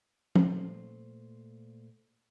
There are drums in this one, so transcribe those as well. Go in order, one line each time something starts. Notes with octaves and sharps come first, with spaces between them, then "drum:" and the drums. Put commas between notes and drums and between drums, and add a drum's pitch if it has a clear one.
A#2 A3 C5, drum: tom